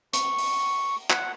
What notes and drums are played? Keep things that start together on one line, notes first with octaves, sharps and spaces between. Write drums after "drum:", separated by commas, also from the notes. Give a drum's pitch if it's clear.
C#6, drum: hi-hat
drum: open hi-hat
F#5, drum: clap